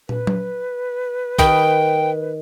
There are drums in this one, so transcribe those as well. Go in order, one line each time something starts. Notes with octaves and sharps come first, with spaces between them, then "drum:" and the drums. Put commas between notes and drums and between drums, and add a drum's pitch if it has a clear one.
B4, drum: tom
drum: tom F#3
D#3 D#5 G5 B5, drum: kick